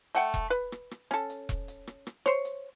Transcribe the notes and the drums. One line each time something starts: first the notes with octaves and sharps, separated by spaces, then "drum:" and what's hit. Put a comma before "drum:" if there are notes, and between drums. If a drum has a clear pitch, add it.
A3 F#5 G5, drum: hi-hat
drum: kick E1, hi-hat
B4, drum: hi-hat
drum: rim click
drum: rim click
C#4 A4, drum: rim click
drum: hi-hat
drum: kick E1, hi-hat
drum: hi-hat
drum: rim click
drum: rim click
C5 C#5, drum: rim click
drum: hi-hat